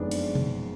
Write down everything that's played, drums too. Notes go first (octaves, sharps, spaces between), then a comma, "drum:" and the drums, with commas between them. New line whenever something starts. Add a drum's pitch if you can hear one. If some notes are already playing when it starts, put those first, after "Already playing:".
Already playing: F#1 F2 D#3 G#3 B3 D4 D5
drum: cymbal
drum: tom B2